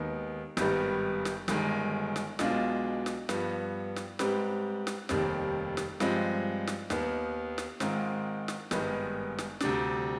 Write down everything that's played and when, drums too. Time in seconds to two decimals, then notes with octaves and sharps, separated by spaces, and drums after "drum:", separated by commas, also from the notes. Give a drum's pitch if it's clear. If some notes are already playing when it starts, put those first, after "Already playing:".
Already playing: D#2 D#3 G#3 B3
0.57 G#1 G2 D#3 G3 B3, drum: snare
1.25 drum: snare
1.48 G1 G2 D#3 G#3, drum: snare
2.16 drum: snare
2.39 B1 B2 G#3 D4 F4, drum: snare
3.06 drum: snare
3.29 G2 F3 B3, drum: snare
3.96 drum: snare
4.19 G#2 G3 C4 G4 B4, drum: snare
4.87 drum: snare
5.09 F1 D#2 D#3 G3 C4, drum: snare
5.77 drum: snare
6.00 G2 F3 G#3 C4, drum: snare
6.67 drum: snare
6.90 D#2 D#3 B3, drum: snare
7.58 drum: snare
7.80 G#2 D#3 G#3 C4 F4, drum: snare
8.48 drum: snare
8.71 G#1 G2 D#3 G#3 B3, drum: snare
9.38 drum: snare
9.60 D2 C3 G3 D4, drum: snare